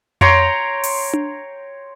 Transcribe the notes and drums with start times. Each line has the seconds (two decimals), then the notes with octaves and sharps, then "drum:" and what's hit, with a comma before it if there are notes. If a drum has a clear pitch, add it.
0.21 C#5 G5 A#5 C6, drum: tom F2
0.84 drum: open hi-hat
1.13 drum: tom D4